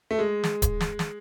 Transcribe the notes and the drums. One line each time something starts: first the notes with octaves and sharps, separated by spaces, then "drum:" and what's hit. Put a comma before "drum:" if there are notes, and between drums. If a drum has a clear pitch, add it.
A3
G#3
drum: snare
drum: kick D1, hi-hat
drum: snare
drum: snare